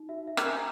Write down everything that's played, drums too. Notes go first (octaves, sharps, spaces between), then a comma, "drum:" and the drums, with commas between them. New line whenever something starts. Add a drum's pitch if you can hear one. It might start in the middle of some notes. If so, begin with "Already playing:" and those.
Already playing: D#4
F#4 E5
E5
A#4 A#5, drum: rim click
G#5